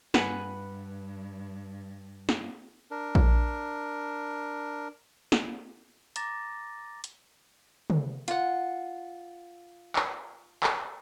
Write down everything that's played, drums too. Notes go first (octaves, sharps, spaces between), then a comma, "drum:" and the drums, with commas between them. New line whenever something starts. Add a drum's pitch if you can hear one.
G2 B4 F#5 G#5, drum: snare
drum: snare
D4 A#4
drum: kick A#1
drum: snare
A#5 D6 A6 A#6, drum: hi-hat
drum: hi-hat
drum: tom
F4 F#5, drum: hi-hat
drum: clap
drum: clap